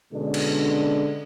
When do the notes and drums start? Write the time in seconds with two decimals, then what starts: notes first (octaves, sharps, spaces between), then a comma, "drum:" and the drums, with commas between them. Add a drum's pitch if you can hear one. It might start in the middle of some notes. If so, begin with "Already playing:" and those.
0.13 B2 D3 G#3 C#4 D4
0.34 drum: cymbal